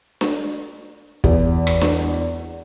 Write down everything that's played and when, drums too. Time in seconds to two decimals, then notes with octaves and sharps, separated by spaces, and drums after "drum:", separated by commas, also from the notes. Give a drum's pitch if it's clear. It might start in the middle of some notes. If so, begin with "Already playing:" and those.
0.21 drum: snare D4
1.24 E2, drum: kick
1.67 drum: rim click
1.81 drum: snare D4